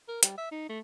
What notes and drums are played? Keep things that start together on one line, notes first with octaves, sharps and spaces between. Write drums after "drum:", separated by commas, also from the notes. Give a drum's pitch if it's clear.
A#4
G3, drum: hi-hat
E5
D#4
A3